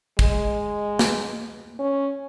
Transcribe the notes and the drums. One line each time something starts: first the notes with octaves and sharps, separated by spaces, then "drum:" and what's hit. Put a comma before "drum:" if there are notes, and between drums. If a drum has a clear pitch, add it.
G#3, drum: kick
drum: snare
C#4